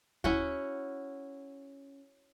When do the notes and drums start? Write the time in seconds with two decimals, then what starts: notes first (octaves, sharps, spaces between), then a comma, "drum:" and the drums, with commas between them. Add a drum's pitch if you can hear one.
0.24 C#4 E4 F#4, drum: kick D#2